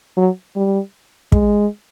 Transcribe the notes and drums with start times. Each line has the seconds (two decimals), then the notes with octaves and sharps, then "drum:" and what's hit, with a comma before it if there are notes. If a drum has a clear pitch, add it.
0.17 F#3
0.56 G3
1.32 G#3, drum: kick